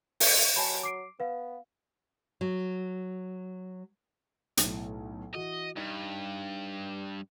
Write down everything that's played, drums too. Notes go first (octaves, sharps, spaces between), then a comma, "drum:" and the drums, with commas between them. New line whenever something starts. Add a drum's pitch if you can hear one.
D3, drum: open hi-hat
F#3 G#5 A5 B5
D6 C7 D7
B3 B4 F5
F#3
B1 A2, drum: hi-hat
E3 F#4 D#5
G2 D#4